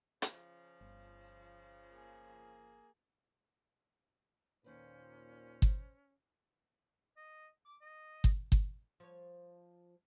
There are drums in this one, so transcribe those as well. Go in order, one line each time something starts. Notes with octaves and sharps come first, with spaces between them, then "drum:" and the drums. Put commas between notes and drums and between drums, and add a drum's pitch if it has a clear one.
C#3 F3, drum: hi-hat
G1
A#3 G#4
D#2 A#2 D#3 C#4 B4 C5
drum: kick G1
D#5
D6
D#5
drum: kick G1
drum: kick G1
F3 C#5